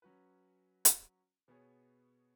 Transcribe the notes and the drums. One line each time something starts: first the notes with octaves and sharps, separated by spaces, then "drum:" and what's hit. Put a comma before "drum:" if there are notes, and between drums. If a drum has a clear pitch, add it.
F#3 C#4 F#4 B4
drum: hi-hat
B2 B3 G#4 C#5